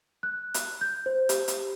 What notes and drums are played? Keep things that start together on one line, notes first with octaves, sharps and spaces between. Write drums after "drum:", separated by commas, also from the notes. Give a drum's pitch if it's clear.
F#6
drum: hi-hat
G6
C5
G4, drum: hi-hat
drum: hi-hat